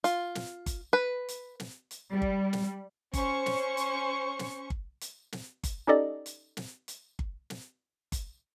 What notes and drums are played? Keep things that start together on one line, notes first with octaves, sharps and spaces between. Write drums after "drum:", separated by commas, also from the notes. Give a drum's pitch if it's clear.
F4, drum: hi-hat
drum: snare
drum: kick G1, hi-hat
B4
drum: hi-hat
drum: snare
drum: hi-hat
G3
drum: kick G1
drum: snare
C#4 C5 C#6, drum: kick G1, hi-hat
drum: snare
drum: hi-hat
drum: snare
drum: kick G1
drum: hi-hat
drum: snare
drum: kick G1, hi-hat
C#4 D#4 G4 A4 D5 D#5
drum: hi-hat
drum: snare
drum: hi-hat
drum: kick G1
drum: snare
drum: kick G1, hi-hat